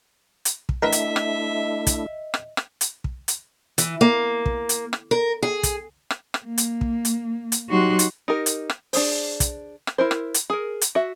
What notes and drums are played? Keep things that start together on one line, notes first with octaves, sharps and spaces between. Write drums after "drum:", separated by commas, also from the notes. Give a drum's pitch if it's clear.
drum: hi-hat
drum: kick
A3 D4 E4 A#4 B4 D#5 E5 B5
drum: hi-hat
drum: rim click
drum: kick, hi-hat
drum: rim click
drum: rim click
drum: hi-hat
drum: kick
drum: hi-hat
E3, drum: hi-hat
A#3
drum: kick
drum: hi-hat
drum: rim click
A#4
G#4
drum: kick, hi-hat
drum: rim click
drum: rim click
A#3
drum: hi-hat
drum: kick
drum: hi-hat
drum: hi-hat
F#3 D#4 F#4 G4 C6 F#6
drum: hi-hat
D#4 G4 A#4
drum: hi-hat
drum: rim click
D4 G#4 C5, drum: open hi-hat
drum: kick, hi-hat
drum: rim click
E4 A#4 C5
drum: rim click
drum: hi-hat
G#4 A#4
drum: hi-hat
F#4 E5